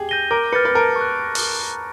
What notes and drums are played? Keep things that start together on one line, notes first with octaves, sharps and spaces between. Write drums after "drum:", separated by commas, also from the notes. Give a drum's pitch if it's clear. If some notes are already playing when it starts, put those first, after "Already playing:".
Already playing: G4 G#4
G6 A#6 D#7 G7
A#4 D6
B4 F6 A6 C#7
B4
A#4 A5
C#6
F#6
drum: open hi-hat